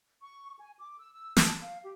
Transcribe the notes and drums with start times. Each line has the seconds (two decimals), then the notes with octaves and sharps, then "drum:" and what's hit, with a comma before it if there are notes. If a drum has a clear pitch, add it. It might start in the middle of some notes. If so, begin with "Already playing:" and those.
0.21 C#6
0.58 G#5
0.79 D6
0.98 E6
1.12 E6
1.37 A5, drum: snare
1.62 F5
1.82 G4